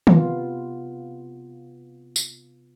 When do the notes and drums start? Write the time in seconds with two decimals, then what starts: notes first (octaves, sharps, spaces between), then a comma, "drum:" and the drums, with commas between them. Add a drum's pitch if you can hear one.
0.07 C3 B3 F4, drum: tom D#3
2.16 drum: tambourine